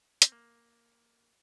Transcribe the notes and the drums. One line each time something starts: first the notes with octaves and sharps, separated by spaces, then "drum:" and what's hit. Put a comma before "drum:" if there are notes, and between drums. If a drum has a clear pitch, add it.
C4, drum: hi-hat
A#3